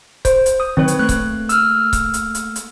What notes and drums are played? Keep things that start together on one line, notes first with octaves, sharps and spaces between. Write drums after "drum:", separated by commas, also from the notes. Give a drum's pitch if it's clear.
C5, drum: kick C#1, hi-hat
drum: hi-hat
D#6
D#3 F#3 C4 B4 C#5
drum: hi-hat
A3 A#3 F#6
drum: kick C#1, hi-hat
E6 F6, drum: hi-hat
drum: kick C#1, hi-hat
drum: hi-hat
drum: hi-hat
drum: hi-hat